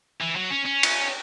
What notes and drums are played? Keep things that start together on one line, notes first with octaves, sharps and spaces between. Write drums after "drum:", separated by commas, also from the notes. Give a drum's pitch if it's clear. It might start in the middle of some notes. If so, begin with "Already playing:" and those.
E3
F#3
C#4
C#4
drum: cymbal